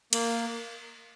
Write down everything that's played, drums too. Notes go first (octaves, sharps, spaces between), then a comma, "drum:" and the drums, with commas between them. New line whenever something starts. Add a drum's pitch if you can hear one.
A#3, drum: cymbal